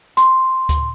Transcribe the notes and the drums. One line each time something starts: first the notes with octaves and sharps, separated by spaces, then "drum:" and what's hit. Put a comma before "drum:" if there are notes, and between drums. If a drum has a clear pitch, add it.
C6, drum: hi-hat
drum: kick D2, hi-hat